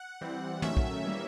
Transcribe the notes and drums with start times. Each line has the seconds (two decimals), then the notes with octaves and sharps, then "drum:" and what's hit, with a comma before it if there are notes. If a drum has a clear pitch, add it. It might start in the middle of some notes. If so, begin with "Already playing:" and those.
Already playing: F#5
0.21 E3 G3 C4
0.62 D#3 F#3 A3 C#4 E5, drum: tom
0.77 drum: kick
1.05 E3 G3 A#3 C#4